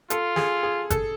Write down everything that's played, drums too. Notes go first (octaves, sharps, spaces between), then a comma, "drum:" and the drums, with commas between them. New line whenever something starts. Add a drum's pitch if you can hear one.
F4 A4, drum: hi-hat
G#4, drum: snare
G#4
A4, drum: kick G1, hi-hat